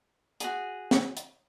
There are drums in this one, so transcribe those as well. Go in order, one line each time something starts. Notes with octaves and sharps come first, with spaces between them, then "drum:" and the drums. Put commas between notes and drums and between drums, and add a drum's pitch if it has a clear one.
F#4 G#4, drum: hi-hat
drum: snare
drum: hi-hat